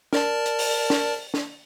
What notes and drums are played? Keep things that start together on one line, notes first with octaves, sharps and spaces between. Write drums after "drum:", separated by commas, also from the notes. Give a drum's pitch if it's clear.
A#4 D5 A5, drum: snare
drum: hi-hat
drum: open hi-hat
drum: snare
drum: snare